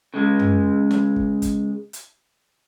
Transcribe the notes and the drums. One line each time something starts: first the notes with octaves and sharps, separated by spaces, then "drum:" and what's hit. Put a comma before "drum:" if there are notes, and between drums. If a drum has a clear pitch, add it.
C#3 G#3
drum: tom
drum: snare
drum: kick
drum: kick, hi-hat
drum: hi-hat